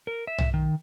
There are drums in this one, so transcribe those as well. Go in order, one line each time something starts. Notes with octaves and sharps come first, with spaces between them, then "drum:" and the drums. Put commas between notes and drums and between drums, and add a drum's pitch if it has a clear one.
A#4
E5
drum: tom
D#3